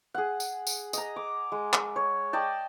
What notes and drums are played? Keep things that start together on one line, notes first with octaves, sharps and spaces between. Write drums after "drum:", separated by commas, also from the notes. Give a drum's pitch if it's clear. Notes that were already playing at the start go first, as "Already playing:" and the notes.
G#4 F#5
drum: tambourine
drum: tambourine
D#5 A#5, drum: tambourine
D6
G#3
drum: clap
C#5
D5 D#5 G5 A5